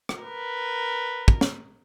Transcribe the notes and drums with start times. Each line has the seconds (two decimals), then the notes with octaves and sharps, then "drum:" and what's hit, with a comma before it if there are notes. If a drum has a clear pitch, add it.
0.09 drum: rim click
0.23 A#4 B4
1.28 drum: kick
1.41 drum: snare